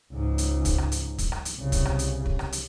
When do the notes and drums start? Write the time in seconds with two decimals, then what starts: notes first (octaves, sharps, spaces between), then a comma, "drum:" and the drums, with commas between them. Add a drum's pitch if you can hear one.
0.13 C#2 G#2
0.38 drum: hi-hat
0.65 drum: kick, hi-hat
0.78 drum: rim click
0.92 drum: hi-hat
1.18 drum: kick, hi-hat
1.32 drum: rim click
1.45 drum: hi-hat
1.59 C2 C#3
1.72 drum: kick, hi-hat
1.85 drum: rim click
1.99 drum: hi-hat
2.26 drum: kick
2.39 drum: rim click
2.52 drum: hi-hat